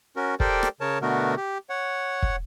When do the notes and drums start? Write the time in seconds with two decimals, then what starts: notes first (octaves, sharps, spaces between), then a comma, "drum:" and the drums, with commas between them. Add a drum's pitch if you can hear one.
0.16 C#4 F#4 A#4
0.40 G4 A4 A#4 C5 D5 G5, drum: kick
0.63 drum: rim click
0.81 C#3 A#4 C#5 A5
1.02 B2 D3 A3 B3 F#4 A#4
1.37 G4
1.70 C#5 F#5
2.22 drum: kick